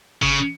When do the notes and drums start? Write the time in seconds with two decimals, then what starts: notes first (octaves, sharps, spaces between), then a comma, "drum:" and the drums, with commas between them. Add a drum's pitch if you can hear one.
0.22 C#3, drum: kick G1